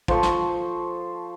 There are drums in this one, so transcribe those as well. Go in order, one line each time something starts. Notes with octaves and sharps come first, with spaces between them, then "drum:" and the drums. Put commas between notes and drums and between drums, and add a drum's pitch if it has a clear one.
F3 A4 C5 C#6, drum: kick
drum: snare